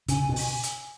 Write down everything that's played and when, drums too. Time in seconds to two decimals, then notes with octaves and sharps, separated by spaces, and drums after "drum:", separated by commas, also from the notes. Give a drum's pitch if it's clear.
0.08 C#3 G#5, drum: hi-hat
0.29 B2
0.36 G#5, drum: open hi-hat
0.64 drum: hi-hat